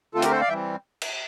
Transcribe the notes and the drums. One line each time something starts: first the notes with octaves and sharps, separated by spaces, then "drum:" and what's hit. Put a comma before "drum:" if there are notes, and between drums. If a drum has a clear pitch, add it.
D3 A3 C4 F4 A4
G4 A#4, drum: hi-hat
A4 C5
D5 F5
E3 G3 C4 E5 G5
drum: cymbal